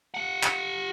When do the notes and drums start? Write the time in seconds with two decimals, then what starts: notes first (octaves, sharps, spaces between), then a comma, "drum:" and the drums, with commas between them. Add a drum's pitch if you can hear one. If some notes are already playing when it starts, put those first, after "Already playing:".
0.14 G4 F#5
0.43 drum: clap